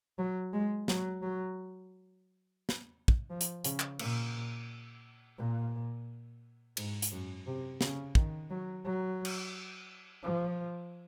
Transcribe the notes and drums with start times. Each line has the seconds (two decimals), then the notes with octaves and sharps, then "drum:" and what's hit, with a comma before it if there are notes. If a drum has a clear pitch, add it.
0.18 F#3
0.53 G#3
0.88 F#3, drum: snare
1.22 F#3
2.69 drum: snare
3.08 drum: kick
3.30 F3
3.41 drum: hi-hat
3.65 C#3, drum: hi-hat
3.80 drum: clap
3.99 A#2, drum: cymbal
5.38 A#2
6.77 G#2, drum: cymbal
7.02 drum: hi-hat
7.12 F#2
7.46 C3
7.81 C#3, drum: snare
8.15 D#3, drum: kick
8.50 F#3
8.85 F#3
9.25 drum: cymbal
10.23 F3